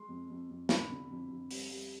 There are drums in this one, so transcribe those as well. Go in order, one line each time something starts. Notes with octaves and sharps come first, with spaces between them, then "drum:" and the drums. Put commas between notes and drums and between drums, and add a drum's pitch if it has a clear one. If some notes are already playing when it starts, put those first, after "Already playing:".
Already playing: G#3 C6
F2
F2
F2
D3 B5, drum: snare
D3
F2
F2
G3, drum: open hi-hat
G3